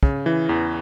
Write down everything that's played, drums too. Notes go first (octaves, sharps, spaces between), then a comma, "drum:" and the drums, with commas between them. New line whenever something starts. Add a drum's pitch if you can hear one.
C#3, drum: kick
E3
E2